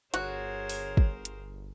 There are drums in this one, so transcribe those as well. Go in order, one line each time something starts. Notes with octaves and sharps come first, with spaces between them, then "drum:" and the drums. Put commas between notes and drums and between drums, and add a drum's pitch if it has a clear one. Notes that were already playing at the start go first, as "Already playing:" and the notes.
G1 F#4 G#4 A#4 C5 C#5, drum: hi-hat
drum: open hi-hat
drum: kick
drum: hi-hat